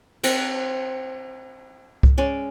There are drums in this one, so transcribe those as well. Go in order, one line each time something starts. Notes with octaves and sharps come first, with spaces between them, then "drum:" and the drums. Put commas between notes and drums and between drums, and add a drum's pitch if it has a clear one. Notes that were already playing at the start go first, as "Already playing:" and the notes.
C4 F#5 G5, drum: cymbal
drum: kick C2
G#3 C#4 D5